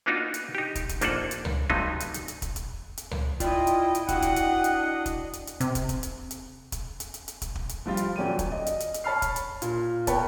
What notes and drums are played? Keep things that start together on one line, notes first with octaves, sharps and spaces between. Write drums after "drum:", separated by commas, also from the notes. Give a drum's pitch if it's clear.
A#3 B3 D4 D#4 F4 F#4
drum: hi-hat
D#4 G4
drum: kick, hi-hat
drum: kick, hi-hat
A#1 A#3 D4 D#4 A4 F#5, drum: hi-hat
drum: hi-hat
drum: tom C#2
G2 C3 F#3 A3 B3 D#4, drum: kick
drum: hi-hat
drum: hi-hat
drum: hi-hat
drum: kick, hi-hat
drum: kick, hi-hat
drum: hi-hat
drum: tom C#2
E4 F4 D5 D#5 G5, drum: kick, hi-hat
drum: hi-hat
drum: hi-hat
D4 E4 F#4 D#5 F#5, drum: kick, hi-hat
drum: kick, hi-hat
drum: hi-hat
drum: hi-hat
drum: kick, hi-hat
drum: hi-hat
drum: hi-hat
C3, drum: hi-hat
drum: kick, hi-hat
drum: kick, hi-hat
drum: hi-hat
drum: hi-hat
drum: kick, hi-hat
drum: hi-hat
drum: hi-hat
drum: hi-hat
drum: kick, hi-hat
drum: kick
drum: hi-hat
F3 G3 F4
drum: hi-hat
D#1 F#3 C#4 D5 G5 D#7
drum: kick, hi-hat
D#5
drum: hi-hat
drum: hi-hat
drum: hi-hat
C#5 A5 B5 F6 C7
drum: kick, hi-hat
drum: hi-hat
A#2, drum: hi-hat
B3 A#4 C#5 G5 A5 B5, drum: kick, hi-hat